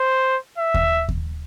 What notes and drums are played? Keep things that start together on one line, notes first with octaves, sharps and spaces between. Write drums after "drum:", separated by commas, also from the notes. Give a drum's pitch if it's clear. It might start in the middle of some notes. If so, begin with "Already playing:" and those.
Already playing: C5
E5
drum: kick D#2
drum: kick D#2